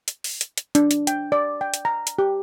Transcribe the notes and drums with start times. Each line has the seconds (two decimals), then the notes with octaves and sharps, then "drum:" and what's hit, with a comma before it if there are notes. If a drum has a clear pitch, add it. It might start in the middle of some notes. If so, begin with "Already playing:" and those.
0.08 drum: hi-hat
0.24 drum: open hi-hat
0.41 drum: hi-hat
0.57 drum: hi-hat
0.75 D4, drum: hi-hat
0.91 drum: hi-hat
1.07 G5, drum: hi-hat
1.32 D5
1.61 G5
1.74 drum: hi-hat
1.85 A#5
2.07 drum: hi-hat
2.19 G4